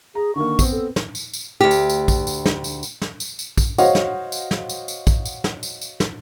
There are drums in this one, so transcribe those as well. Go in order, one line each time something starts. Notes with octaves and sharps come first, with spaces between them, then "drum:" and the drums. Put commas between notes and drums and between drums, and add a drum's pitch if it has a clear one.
G#4 A#5
D3 D#3 A#3 C#6
B3 C4, drum: kick, tambourine
A4
drum: snare
drum: tambourine
drum: tambourine
D2 G4
drum: tambourine
drum: tambourine
drum: kick, tambourine
drum: tambourine
drum: snare
drum: tambourine
drum: tambourine
drum: snare
drum: tambourine
drum: tambourine
drum: kick, tambourine
F#4 C5 C#5 D#5 F5 F#5, drum: tambourine
drum: snare
drum: tambourine
drum: snare
drum: tambourine
drum: tambourine
drum: kick, tambourine
drum: tambourine
drum: snare
drum: tambourine
drum: tambourine
drum: snare